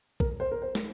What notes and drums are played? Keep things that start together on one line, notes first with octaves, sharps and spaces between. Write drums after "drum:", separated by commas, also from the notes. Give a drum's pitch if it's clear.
A#4, drum: kick
C5
A#4
C5
drum: snare